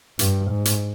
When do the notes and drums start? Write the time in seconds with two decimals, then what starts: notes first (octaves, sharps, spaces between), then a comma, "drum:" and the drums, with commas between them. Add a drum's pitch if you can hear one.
0.19 G2, drum: hi-hat
0.50 G#2
0.65 drum: hi-hat